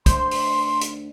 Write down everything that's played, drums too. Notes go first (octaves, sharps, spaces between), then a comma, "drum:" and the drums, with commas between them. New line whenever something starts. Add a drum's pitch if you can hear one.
D2 C5 C6, drum: kick, hi-hat
drum: open hi-hat
drum: hi-hat